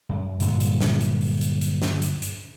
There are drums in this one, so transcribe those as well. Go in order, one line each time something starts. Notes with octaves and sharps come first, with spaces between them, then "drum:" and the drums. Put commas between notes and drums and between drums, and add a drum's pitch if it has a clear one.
F#2
G2 A#2 D3 F#3, drum: hi-hat
drum: hi-hat
drum: snare
drum: hi-hat
drum: open hi-hat
drum: hi-hat
drum: hi-hat
drum: snare
drum: hi-hat
drum: hi-hat